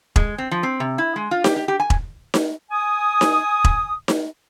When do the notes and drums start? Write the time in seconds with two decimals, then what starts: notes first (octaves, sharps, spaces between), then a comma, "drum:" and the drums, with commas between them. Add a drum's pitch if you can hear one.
0.16 G#3, drum: kick E1
0.38 C4
0.51 F3
0.63 C4
0.80 C3
0.98 E4
1.16 G#3
1.31 F4
1.44 G4, drum: snare D#4
1.56 G4
1.68 G4
1.80 G#5
1.90 drum: kick E1
2.34 drum: snare D#4
2.71 G#5 D#6
3.21 drum: snare D#4
3.64 drum: kick E1
4.08 drum: snare D#4